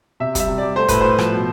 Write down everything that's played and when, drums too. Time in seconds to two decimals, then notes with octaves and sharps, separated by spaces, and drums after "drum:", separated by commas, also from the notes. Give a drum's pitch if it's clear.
0.20 C3 E5
0.35 G3 E5, drum: kick, hi-hat
0.48 C3
0.58 G3 D5
0.76 A3 C5
0.88 A2 B4, drum: kick, hi-hat
1.01 A2 C5
1.18 F3, drum: rim click
1.32 B2